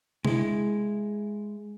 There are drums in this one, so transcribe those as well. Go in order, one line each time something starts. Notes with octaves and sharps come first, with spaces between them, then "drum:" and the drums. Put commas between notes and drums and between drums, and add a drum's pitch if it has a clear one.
G#3 E4, drum: tom C3